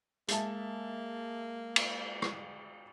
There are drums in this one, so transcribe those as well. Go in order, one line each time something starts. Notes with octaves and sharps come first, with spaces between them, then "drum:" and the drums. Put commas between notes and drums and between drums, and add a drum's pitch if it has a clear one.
G#3 A#3 E5 A5, drum: hi-hat
drum: cymbal
drum: rim click